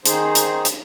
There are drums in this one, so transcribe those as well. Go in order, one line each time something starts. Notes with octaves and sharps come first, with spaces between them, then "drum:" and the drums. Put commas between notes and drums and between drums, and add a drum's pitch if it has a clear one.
D#3 D#4 G#4 C5, drum: hi-hat
drum: hi-hat
drum: hi-hat